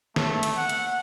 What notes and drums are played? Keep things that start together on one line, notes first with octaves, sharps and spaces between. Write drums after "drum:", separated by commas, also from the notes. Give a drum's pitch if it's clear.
A3, drum: snare
drum: hi-hat
F#5
drum: hi-hat